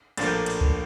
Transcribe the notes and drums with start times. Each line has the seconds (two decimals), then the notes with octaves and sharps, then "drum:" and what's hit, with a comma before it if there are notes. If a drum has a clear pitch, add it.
0.17 A#1 A2 F3 A#3 D4 A6, drum: cymbal
0.27 G6
0.46 drum: cymbal
0.61 drum: kick C#2